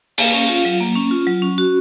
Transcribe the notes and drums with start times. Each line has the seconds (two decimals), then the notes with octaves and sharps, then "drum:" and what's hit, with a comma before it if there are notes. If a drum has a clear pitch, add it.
0.18 A#3 F5, drum: open hi-hat
0.33 C#4
0.49 F4
0.65 F#3
0.80 A#3
0.96 C#4
1.11 F4
1.27 F#3
1.42 C#4
1.58 F#4